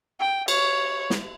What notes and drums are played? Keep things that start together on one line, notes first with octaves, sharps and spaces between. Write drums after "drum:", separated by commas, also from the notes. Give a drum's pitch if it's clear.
G5
C#5, drum: cymbal
drum: snare